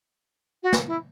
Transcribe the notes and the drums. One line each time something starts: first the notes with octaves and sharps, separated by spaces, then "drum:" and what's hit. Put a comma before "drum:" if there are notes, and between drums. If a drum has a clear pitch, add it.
F#4
drum: snare
E4